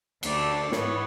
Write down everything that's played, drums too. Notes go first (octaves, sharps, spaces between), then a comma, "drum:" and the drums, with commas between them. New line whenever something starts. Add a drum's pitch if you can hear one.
D2 D3 A3 D5, drum: cymbal
G#2 E3 B3 C#5, drum: snare